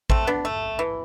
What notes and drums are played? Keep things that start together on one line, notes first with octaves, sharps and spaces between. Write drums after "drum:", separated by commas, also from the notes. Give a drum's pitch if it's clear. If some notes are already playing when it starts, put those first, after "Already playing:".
A3 C4, drum: kick A1
B3 D4
A3
E3